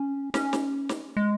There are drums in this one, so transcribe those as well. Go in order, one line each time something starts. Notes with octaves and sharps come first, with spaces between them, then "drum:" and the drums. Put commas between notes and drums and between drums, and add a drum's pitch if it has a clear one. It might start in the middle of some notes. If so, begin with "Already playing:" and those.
Already playing: C#4
C#4, drum: snare
drum: snare
drum: snare
G#3